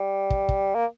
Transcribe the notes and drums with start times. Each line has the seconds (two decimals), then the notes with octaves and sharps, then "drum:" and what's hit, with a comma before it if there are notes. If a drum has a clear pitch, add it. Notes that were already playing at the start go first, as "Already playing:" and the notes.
Already playing: G3
0.30 drum: kick
0.49 drum: kick
0.75 A#3